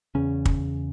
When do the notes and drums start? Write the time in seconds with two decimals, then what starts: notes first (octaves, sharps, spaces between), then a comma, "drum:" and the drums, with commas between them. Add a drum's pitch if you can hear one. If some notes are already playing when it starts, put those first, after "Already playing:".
0.15 E2 C#3 C#4
0.45 drum: kick